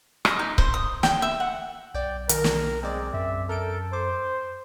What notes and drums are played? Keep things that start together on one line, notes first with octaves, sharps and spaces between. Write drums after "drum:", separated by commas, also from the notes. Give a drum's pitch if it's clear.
D#5, drum: rim click
D#4
C5, drum: kick C#1
D#6
G5, drum: snare
E5
F#5
B1 D5 G5
D#3 A#4, drum: hi-hat
drum: snare
G#3 C4 D5
F#2 E5
A4 A#4 G6 D7
C5 D6